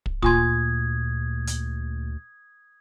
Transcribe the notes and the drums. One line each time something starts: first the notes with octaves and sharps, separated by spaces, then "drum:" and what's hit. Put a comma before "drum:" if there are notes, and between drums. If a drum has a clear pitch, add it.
drum: kick
D2 A#2 F4 G#5 C6 D#6 G#6, drum: kick
drum: hi-hat